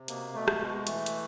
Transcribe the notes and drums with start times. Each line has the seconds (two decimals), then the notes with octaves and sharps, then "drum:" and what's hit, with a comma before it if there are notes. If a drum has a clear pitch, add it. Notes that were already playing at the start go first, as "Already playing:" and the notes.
Already playing: C3
0.08 B2 A#3, drum: hi-hat
0.35 B2 A3
0.48 drum: rim click
0.60 B2 G#3
0.87 E3 A3, drum: hi-hat
1.06 drum: hi-hat